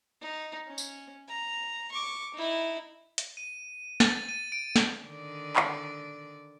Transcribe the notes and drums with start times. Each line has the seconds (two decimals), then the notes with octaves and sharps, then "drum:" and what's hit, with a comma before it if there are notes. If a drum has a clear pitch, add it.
0.21 D#4
0.67 C#4
0.78 drum: tambourine
1.28 A#5
1.92 C#6 D6
2.34 D#4 E4
3.18 drum: hi-hat
3.37 D#7
4.00 A6, drum: snare
4.29 D#7
4.52 D7
4.76 drum: snare
5.05 D3 D#3 D5
5.56 drum: clap